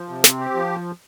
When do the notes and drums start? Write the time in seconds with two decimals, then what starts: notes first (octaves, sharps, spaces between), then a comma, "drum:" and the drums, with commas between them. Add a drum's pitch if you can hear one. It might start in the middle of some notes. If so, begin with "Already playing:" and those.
Already playing: F3
0.08 C3
0.24 C4, drum: snare
0.39 G4
0.54 F3